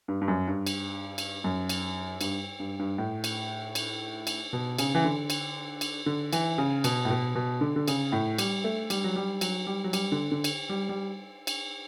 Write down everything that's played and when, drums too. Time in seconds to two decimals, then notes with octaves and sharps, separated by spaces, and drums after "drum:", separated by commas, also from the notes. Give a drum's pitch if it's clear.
0.08 G2
0.22 G2
0.28 F#2
0.48 G2
0.67 drum: cymbal
1.18 drum: cymbal
1.44 F#2
1.69 drum: cymbal
2.21 G2, drum: cymbal
2.60 G2
2.79 G2
2.98 A2
3.24 drum: cymbal
3.75 drum: cymbal
4.27 drum: cymbal
4.53 B2
4.79 C#3, drum: cymbal
4.95 E3
5.04 D3
5.30 drum: cymbal
5.81 drum: cymbal
6.06 D3
6.33 E3, drum: cymbal
6.58 C#3
6.84 B2, drum: cymbal
7.05 A2
7.10 B2
7.35 B2
7.61 D3
7.76 D3
7.88 C#3, drum: cymbal
8.12 A2
8.38 G3, drum: cymbal
8.64 A3
8.90 G3, drum: cymbal
9.04 F#3
9.16 G3
9.41 F#3, drum: cymbal
9.67 G3
9.84 F#3
9.93 G3, drum: cymbal
10.12 D3
10.32 D3
10.44 drum: cymbal
10.69 G3
10.89 G3
11.47 drum: cymbal